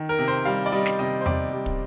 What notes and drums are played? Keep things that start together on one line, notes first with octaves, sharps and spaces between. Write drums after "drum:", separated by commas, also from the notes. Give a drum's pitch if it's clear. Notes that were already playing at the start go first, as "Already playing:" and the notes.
Already playing: D#3
A#4
C3
C5
G3 F5
D5
G3 D#5
drum: snare
C3 D#5
C5
C3 D5, drum: tom E2
G3
drum: kick